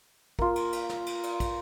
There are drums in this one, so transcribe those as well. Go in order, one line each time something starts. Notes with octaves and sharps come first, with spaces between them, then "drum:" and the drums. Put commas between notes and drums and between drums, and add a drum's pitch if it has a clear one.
A#3 F4, drum: kick
drum: cymbal
drum: cymbal
drum: snare
drum: cymbal
drum: cymbal
drum: kick, cymbal